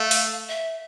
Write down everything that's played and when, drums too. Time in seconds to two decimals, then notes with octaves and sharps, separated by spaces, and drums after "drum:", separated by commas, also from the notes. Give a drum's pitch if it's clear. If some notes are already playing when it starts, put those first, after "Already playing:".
Already playing: A3 F5
0.11 drum: open hi-hat
0.49 E5